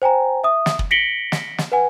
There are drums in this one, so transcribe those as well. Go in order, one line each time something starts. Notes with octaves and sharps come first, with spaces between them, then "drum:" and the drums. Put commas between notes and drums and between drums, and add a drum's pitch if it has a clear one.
C5 G5 G#5 A#5
E5 D#6
drum: snare
drum: kick
A#6 B6 C#7 D7 F#7 G7
drum: snare
drum: snare
B4 F#5 G#5